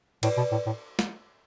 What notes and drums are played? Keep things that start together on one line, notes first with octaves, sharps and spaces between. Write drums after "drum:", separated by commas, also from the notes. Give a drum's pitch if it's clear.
A2 B4 D5, drum: cymbal
B2
A2
A2
drum: snare